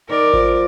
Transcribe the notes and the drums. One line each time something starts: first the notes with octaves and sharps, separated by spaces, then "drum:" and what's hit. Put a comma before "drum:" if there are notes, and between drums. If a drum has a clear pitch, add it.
D#3 A#4 D5
F3, drum: kick G#1